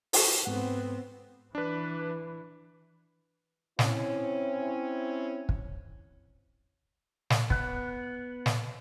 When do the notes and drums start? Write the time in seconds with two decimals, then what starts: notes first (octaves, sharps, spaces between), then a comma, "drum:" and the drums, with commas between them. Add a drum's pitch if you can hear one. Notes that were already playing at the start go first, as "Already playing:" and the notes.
0.13 A4 C#6, drum: open hi-hat
0.46 G#2 B3 C4 F#5
1.55 E3 D4 B4
3.79 C4 C#4 E4, drum: snare
5.49 drum: kick
7.30 drum: snare
7.50 B3 F#6, drum: kick
8.46 drum: snare